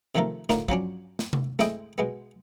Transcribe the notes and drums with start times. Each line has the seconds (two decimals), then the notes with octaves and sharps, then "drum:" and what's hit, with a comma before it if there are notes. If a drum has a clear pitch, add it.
0.15 C3 D#3 F3 A3 A4 A#4
0.49 A2 D3 A#3 D#4 F4, drum: snare
0.69 F3 F#3 C#4 D4, drum: kick
1.19 drum: snare
1.33 drum: tom C3
1.59 G#3 A3 C4 E4 D#5 G5, drum: snare
1.98 B2 G#3 B3